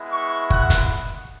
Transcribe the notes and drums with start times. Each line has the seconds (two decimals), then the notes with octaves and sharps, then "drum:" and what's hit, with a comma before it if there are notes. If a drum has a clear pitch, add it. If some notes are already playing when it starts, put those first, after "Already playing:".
Already playing: G#3 B3 E4
0.12 C#6
0.50 F#5, drum: kick
0.70 drum: kick, hi-hat